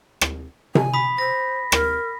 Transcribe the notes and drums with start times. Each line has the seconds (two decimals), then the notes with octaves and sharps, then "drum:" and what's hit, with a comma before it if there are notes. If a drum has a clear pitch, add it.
0.21 drum: rim click
0.75 G#5, drum: tom C3
0.94 B5 D#6 B6
1.18 C5 A#6
1.72 A#4, drum: rim click